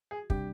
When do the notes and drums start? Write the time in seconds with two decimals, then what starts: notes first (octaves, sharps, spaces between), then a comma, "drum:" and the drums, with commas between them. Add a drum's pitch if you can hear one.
0.11 G#4
0.30 C3 G3 D4 G4, drum: kick